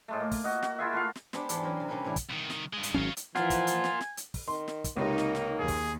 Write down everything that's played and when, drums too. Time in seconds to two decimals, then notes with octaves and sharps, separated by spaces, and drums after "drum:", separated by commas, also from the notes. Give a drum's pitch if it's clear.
0.08 A2 G#3 A3
0.20 A#3
0.32 drum: kick, open hi-hat
0.44 F#4 D#5
0.62 F#4, drum: snare
0.78 E4 F4 G#4 E5
0.93 A3 F#4 F5
1.15 drum: snare
1.33 G#3 B3 C4 D4 G4, drum: snare
1.49 E2 G#2 G#3 B3 G4 A4, drum: hi-hat
1.63 E3 F#3 C4 C#4 A#4
1.77 C3 C6
1.88 C3 G3 A#3 C#4 D#4 B4
2.04 A2 C3 E3 D4 E4
2.16 drum: kick, hi-hat
2.30 C2 D#3
2.50 drum: snare
2.73 G2 G#3
2.83 drum: hi-hat
2.94 G#1 F#3 C#4 C#5 F5
3.17 drum: hi-hat
3.35 E3 F3 F4 A#4 F#5 G#5, drum: snare
3.50 drum: kick, hi-hat
3.67 drum: hi-hat
3.84 drum: snare
4.00 drum: snare
4.17 drum: hi-hat
4.34 drum: kick, open hi-hat
4.48 D#3 C6
4.68 drum: snare
4.84 drum: kick, hi-hat
4.96 C#2 C3 A#3 D#4
5.18 drum: snare
5.35 drum: snare
5.59 D#2 G#4
5.68 drum: kick, open hi-hat